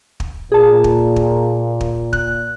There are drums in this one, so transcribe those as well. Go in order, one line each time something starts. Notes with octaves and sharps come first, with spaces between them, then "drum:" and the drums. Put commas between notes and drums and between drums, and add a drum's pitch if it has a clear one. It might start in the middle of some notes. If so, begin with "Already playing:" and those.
drum: kick
A#2 G#4 A5
drum: kick
drum: kick
drum: kick
F#6, drum: kick